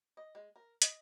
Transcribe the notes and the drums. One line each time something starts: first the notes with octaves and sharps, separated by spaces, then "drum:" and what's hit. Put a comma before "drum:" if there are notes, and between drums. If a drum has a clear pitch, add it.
D#5
G#3
A#4
D#5, drum: hi-hat